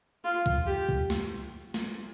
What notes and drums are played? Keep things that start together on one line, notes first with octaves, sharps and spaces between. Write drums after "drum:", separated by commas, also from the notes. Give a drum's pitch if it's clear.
F4
drum: kick C2
G4
drum: kick C2
drum: snare
drum: snare